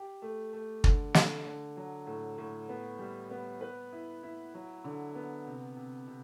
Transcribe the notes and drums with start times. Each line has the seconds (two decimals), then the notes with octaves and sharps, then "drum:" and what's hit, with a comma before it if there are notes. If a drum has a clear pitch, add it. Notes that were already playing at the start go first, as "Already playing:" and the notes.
Already playing: G4
0.22 A3
0.53 A3
0.84 D3, drum: kick
1.14 D3, drum: snare
1.45 D3
1.77 F#3
2.06 A2
2.38 A2
2.69 B3
2.99 G3
3.30 B3
3.61 B4
3.93 E4
4.23 E4
4.54 F#3
4.84 D3
5.15 B3
5.46 C3
5.77 C3
6.08 C3